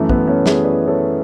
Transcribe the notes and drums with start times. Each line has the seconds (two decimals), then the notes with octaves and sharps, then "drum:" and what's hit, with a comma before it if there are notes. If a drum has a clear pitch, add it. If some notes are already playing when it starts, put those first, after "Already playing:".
Already playing: F#2 E3 A3
0.09 B3, drum: kick
0.27 A3 C#4
0.46 E4 G#4, drum: snare
0.64 B4 D5
0.88 A4 C#5